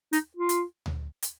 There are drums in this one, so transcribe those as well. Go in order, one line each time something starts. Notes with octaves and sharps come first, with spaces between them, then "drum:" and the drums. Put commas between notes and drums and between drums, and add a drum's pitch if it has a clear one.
D#4, drum: hi-hat
F4
drum: hi-hat
drum: tom D2
drum: hi-hat